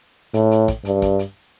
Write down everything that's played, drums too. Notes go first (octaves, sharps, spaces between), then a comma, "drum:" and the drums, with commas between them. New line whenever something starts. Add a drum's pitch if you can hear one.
A2, drum: hi-hat
drum: hi-hat
drum: kick, hi-hat
G2, drum: hi-hat
drum: kick, hi-hat
drum: hi-hat